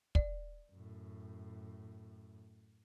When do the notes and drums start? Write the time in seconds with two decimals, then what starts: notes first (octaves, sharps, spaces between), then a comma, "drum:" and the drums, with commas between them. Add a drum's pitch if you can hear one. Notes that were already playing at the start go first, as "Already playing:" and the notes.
0.15 D5, drum: kick
0.71 F#2 A2